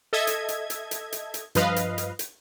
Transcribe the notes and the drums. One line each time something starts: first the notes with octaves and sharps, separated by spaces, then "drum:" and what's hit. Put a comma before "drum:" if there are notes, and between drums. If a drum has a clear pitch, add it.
A4 D#5 E5 G#6
drum: hi-hat
drum: hi-hat
drum: hi-hat
drum: hi-hat
drum: hi-hat
drum: hi-hat
G2 F3 B4 D#5 F5, drum: hi-hat
drum: hi-hat
drum: hi-hat
drum: hi-hat